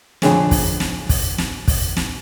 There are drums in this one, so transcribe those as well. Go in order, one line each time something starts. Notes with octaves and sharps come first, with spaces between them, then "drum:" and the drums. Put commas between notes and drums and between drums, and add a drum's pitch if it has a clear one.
F2 D3 G#4 C#5, drum: snare
drum: kick, open hi-hat
drum: snare
drum: kick, open hi-hat
drum: snare
drum: kick, open hi-hat
drum: snare